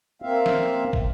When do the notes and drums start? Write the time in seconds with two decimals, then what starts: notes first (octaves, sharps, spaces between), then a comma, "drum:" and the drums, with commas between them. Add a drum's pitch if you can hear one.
0.22 A#3 C4 E5 F5
0.46 drum: snare
0.93 drum: kick